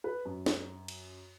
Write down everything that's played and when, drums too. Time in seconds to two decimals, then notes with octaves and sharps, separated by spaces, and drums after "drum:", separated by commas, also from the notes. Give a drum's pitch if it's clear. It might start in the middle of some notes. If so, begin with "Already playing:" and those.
0.04 B4
0.25 F#2
0.46 drum: snare
0.88 drum: cymbal